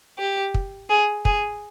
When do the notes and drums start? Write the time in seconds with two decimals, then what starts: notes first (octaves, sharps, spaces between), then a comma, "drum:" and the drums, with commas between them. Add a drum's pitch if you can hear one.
0.19 G4
0.54 drum: kick
0.90 G#4
1.25 G#4, drum: kick